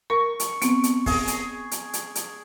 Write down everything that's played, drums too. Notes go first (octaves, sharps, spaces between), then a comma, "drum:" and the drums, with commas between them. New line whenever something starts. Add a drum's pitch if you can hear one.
A#4 C#6
drum: hi-hat
B3 C4, drum: hi-hat
drum: hi-hat
G#4, drum: kick, open hi-hat
drum: hi-hat
drum: hi-hat
drum: hi-hat
drum: hi-hat